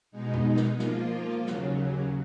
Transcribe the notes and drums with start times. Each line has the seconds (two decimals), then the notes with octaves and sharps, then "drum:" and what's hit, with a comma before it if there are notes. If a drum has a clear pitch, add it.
0.11 B2 G#3 D#4
0.34 drum: tom F2
0.56 drum: snare
0.79 F3 A#3 F4, drum: snare
1.46 D#2 C#3 F#3, drum: snare